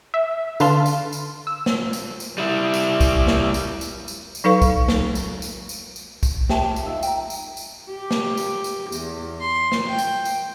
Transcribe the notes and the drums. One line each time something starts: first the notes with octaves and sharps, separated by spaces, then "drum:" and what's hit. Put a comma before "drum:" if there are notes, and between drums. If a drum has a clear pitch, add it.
E5
D3 B4 F5 A5 C6, drum: tambourine
drum: tambourine
drum: tambourine
E6
drum: snare
drum: tambourine
drum: tambourine
G3 E4
drum: tambourine
drum: kick, tambourine
drum: snare
drum: tambourine
drum: tambourine
drum: tambourine
drum: tambourine
F#3 D#4 A4 B4 F5 C#6
drum: kick, tambourine
drum: snare
drum: tambourine
drum: tambourine
drum: tambourine
drum: tambourine
drum: kick, tambourine
G4 E5 A5, drum: snare
drum: tambourine
D#4 F4 E5
G5 A#5, drum: tambourine
drum: tambourine
drum: tambourine
G4
drum: snare
drum: tambourine
drum: tambourine
E2, drum: tambourine
C6
drum: snare
G5
drum: tambourine
drum: tambourine